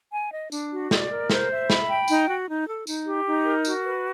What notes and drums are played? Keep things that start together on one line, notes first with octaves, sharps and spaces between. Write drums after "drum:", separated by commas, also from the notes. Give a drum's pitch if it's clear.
G#5
D#5
D4, drum: tambourine
F#4
D5, drum: snare
A#4
C5, drum: snare
E5
B5, drum: snare
G5
D#4, drum: tambourine
F#4
D#4
A4
D#4, drum: tambourine
G4
D#4
A#4
F#4, drum: tambourine
B4